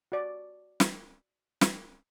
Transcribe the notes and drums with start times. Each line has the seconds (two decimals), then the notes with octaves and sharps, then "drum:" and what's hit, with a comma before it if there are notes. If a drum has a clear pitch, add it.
0.12 F#4 D5
0.80 drum: snare
1.61 drum: snare